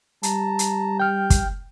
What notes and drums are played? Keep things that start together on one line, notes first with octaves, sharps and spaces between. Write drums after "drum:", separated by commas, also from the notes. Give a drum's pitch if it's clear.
G3 A5 A#5, drum: hi-hat
drum: hi-hat
G5 F6 G6
drum: kick, hi-hat